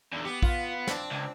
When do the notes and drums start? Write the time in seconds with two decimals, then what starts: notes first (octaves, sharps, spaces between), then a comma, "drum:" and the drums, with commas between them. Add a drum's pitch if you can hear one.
0.13 E2 D3
0.25 B3 G4
0.43 F4, drum: kick A#1
0.87 C4 D4, drum: snare
1.12 C#2